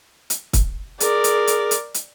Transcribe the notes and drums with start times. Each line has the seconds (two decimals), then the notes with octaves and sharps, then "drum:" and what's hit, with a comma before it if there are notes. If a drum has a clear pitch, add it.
0.30 drum: hi-hat
0.53 drum: kick, hi-hat
1.00 G#4 A#4 D5, drum: hi-hat
1.24 drum: hi-hat
1.47 drum: hi-hat
1.71 drum: hi-hat
1.94 drum: hi-hat